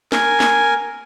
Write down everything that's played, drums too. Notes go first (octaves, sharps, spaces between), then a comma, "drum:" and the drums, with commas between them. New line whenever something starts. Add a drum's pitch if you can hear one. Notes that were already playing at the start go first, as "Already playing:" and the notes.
A#4 G#5, drum: snare
drum: snare